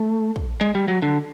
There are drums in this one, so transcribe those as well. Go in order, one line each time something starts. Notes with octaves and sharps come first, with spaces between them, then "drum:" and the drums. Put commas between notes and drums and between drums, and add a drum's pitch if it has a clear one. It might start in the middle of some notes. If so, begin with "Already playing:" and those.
Already playing: A3
drum: kick
G#3
G3
F#3
D3